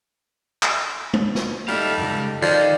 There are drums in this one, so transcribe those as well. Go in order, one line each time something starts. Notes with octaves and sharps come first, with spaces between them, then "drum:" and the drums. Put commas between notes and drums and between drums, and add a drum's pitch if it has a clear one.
drum: clap
drum: tom
drum: snare
G3 D#4 G4 A4 E5 F5
C#2 F#2
D#3 F3 D5 F5